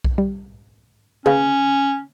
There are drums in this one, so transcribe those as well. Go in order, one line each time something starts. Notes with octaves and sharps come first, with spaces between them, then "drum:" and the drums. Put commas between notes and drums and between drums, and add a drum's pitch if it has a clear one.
drum: kick B1
G3
C#4 G#4 B4 F5, drum: tom C#3